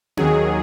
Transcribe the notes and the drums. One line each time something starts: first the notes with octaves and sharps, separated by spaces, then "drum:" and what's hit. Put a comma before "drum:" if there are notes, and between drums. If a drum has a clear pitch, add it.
D#2 D#3 F#3 G#4, drum: tom C4